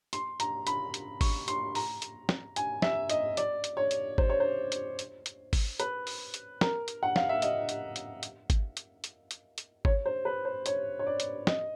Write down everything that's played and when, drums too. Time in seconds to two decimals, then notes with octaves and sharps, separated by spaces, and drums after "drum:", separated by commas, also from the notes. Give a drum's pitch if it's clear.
0.13 C6, drum: hi-hat
0.40 A#5, drum: hi-hat
0.67 B5, drum: hi-hat
0.94 drum: hi-hat
1.21 C#6, drum: kick G#1, open hi-hat
1.48 C6, drum: hi-hat
1.75 A#5, drum: open hi-hat
2.02 drum: hi-hat
2.29 drum: snare
2.56 G#5, drum: hi-hat
2.82 E5, drum: snare
3.10 D#5, drum: hi-hat
3.37 D5, drum: hi-hat
3.64 drum: hi-hat
3.77 C#5
3.91 drum: hi-hat
4.18 C5, drum: kick G#1
4.30 C#5
4.40 C5
4.72 drum: hi-hat
4.99 drum: hi-hat
5.26 drum: hi-hat
5.53 drum: kick G#1, open hi-hat
5.80 B4, drum: hi-hat
6.07 drum: open hi-hat
6.34 drum: hi-hat
6.61 A#4, drum: snare
6.88 drum: hi-hat
7.03 F#5
7.16 F5, drum: snare
7.29 E5
7.42 D#5, drum: hi-hat
7.69 drum: hi-hat
7.96 drum: hi-hat
8.23 drum: hi-hat
8.50 drum: kick G#1, hi-hat
8.77 drum: hi-hat
9.04 drum: hi-hat
9.31 drum: hi-hat
9.58 drum: hi-hat
9.85 C#5, drum: kick G#1
10.06 C5
10.25 B4
10.45 C5
10.66 C#5, drum: hi-hat
10.99 C#5
11.07 D5
11.20 drum: hi-hat
11.47 D#5, drum: snare